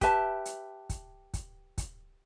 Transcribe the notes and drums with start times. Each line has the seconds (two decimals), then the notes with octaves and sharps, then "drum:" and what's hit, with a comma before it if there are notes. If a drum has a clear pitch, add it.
0.01 G4 B4 E5 A5, drum: kick, hi-hat
0.45 drum: hi-hat
0.90 drum: kick, hi-hat
1.34 drum: kick, hi-hat
1.78 drum: kick, hi-hat